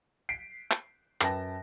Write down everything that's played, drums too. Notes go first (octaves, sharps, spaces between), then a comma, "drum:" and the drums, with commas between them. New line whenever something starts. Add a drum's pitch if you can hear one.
B6 C7 D7
drum: clap
F#2 B4 G5 A5 A#6, drum: clap